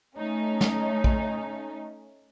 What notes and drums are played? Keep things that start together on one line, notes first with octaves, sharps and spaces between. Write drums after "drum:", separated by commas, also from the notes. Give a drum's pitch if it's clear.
A3 C#4 D#4
drum: snare
drum: kick A#1